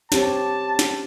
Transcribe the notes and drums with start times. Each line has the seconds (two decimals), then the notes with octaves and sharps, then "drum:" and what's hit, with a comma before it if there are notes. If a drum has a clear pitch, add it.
0.12 C4 G4 C#5 A5, drum: snare
0.79 drum: snare